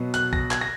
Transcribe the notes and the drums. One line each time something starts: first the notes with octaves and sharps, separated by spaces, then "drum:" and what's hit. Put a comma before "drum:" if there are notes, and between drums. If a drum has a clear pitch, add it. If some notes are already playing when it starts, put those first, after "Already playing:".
Already playing: B2 F#3 B3
F#6, drum: hi-hat
A#6, drum: kick B1
G#6, drum: clap
A#6